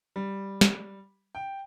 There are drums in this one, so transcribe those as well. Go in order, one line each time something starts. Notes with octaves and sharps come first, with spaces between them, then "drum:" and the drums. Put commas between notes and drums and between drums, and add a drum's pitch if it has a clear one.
G3
drum: snare
G5